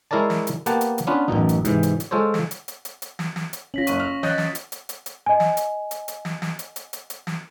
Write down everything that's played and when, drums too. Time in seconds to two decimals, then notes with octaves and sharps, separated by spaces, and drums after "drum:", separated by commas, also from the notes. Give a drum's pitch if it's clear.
0.11 G#3 E4 A#4 C#5 D5 A5
0.30 drum: snare
0.47 drum: hi-hat
0.66 A#3 B3 G4 F#5 A5, drum: hi-hat
0.81 drum: hi-hat
0.98 drum: hi-hat
1.07 B3 C#4 D4 F4 B4
1.28 A1 F#2 B2 D#4
1.49 drum: hi-hat
1.65 G#2 C3 E3, drum: hi-hat
1.83 drum: hi-hat
2.00 drum: hi-hat
2.11 G#3 F4 A4 C5 C#5
2.34 drum: snare
2.51 drum: hi-hat
2.68 drum: hi-hat
2.85 drum: hi-hat
3.02 drum: hi-hat
3.19 drum: snare
3.36 drum: snare
3.53 drum: hi-hat
3.74 C#4 F4 A#6 B6 F#7
3.87 F#1 C#6 B6 D#7, drum: hi-hat
4.00 F6
4.23 C#5 D#5 F#6 G6 A6, drum: snare
4.38 drum: snare
4.55 drum: hi-hat
4.72 drum: hi-hat
4.89 drum: hi-hat
5.06 drum: hi-hat
5.26 D#5 G#5
5.40 drum: snare
5.57 drum: hi-hat
5.91 drum: hi-hat
6.08 drum: hi-hat
6.25 drum: snare
6.42 drum: snare
6.59 drum: hi-hat
6.76 drum: hi-hat
6.93 drum: hi-hat
7.10 drum: hi-hat
7.27 drum: snare